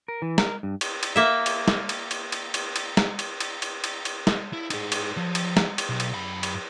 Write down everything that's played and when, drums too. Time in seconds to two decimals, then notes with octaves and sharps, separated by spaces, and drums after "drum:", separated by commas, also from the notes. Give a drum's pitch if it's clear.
0.08 A#4
0.22 E3
0.38 A#4, drum: snare
0.63 G2
0.81 drum: cymbal
1.03 drum: cymbal
1.16 A#3 E5
1.46 drum: cymbal
1.68 drum: snare
1.89 drum: cymbal
2.11 drum: cymbal
2.32 drum: cymbal
2.54 drum: cymbal
2.76 drum: cymbal
2.97 drum: snare
3.19 drum: cymbal
3.40 drum: cymbal
3.62 drum: cymbal
3.84 drum: cymbal
4.05 drum: cymbal
4.27 drum: snare
4.53 E4
4.70 D#4 G#4, drum: cymbal
4.92 drum: cymbal
5.17 F3
5.35 drum: cymbal
5.57 drum: snare
5.78 drum: cymbal
5.89 B1
6.00 drum: cymbal
6.14 F#2 B5
6.43 drum: cymbal